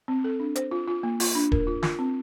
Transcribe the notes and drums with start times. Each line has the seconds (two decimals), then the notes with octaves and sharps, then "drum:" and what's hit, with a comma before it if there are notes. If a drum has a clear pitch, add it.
0.08 C4
0.24 A4
0.40 D4
0.56 C5, drum: hi-hat
0.71 F4
0.88 F4
1.03 A#3
1.20 F4, drum: open hi-hat
1.35 D4
1.52 A#4, drum: kick D#1
1.67 F4
1.83 F4, drum: snare
1.99 C4